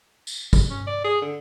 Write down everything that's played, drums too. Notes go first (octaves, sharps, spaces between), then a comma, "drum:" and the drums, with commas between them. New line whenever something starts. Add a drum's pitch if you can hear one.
drum: tambourine
drum: kick, tambourine
C#4
D5
G#4
D3